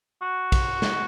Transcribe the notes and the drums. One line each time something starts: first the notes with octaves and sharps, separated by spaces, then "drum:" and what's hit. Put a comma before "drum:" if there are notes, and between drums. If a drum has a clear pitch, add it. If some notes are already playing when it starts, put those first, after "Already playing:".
F#4
drum: kick A#1, cymbal
drum: snare